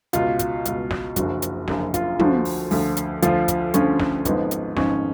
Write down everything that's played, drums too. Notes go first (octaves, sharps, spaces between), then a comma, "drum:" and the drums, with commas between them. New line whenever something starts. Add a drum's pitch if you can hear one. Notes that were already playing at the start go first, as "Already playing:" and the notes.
C#2 B2 F4, drum: hi-hat
drum: kick, hi-hat
C#2 B2, drum: hi-hat
drum: snare
F#1 F#2 D3 F3 F#4, drum: kick, hi-hat
drum: hi-hat
F#1 F#2 D3 F3, drum: snare
F4, drum: kick, hi-hat
D2 D3 F3 F#4, drum: tom
drum: open hi-hat
D2 D3 F3, drum: open hi-hat
drum: hi-hat
D2 D3 F3 F4, drum: hi-hat
drum: kick, hi-hat
D2 D3 F3 C#4, drum: hi-hat
drum: snare
G#1 G#2 F3 B3, drum: kick, hi-hat
drum: hi-hat
G#1 G#2 F3 C#4, drum: snare